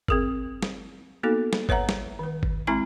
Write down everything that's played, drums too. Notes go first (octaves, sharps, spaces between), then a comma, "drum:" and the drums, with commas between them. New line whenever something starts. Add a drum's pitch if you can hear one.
C4 G#4 A#4, drum: kick G1
drum: snare
A#3 B3 D#4 F#4 A4
drum: snare
B4 C#5 E5 F#5 A#5, drum: kick G1
drum: snare
D#3 B4
drum: kick G1
G#3 C4 E4 G#5 A#5 C#6